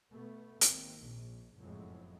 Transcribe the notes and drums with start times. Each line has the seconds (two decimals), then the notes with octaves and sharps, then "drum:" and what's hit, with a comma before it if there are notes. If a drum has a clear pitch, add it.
0.11 B2 A3 B3
0.61 G#1 D#3 A#3 C4, drum: hi-hat
1.00 A#1
1.59 F#1 F2 A2 F3 F#3 G#3